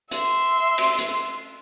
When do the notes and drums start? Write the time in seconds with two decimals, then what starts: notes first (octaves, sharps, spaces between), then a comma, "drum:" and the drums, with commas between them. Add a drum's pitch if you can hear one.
0.11 E5 C6, drum: hi-hat
0.78 drum: cymbal
0.99 drum: hi-hat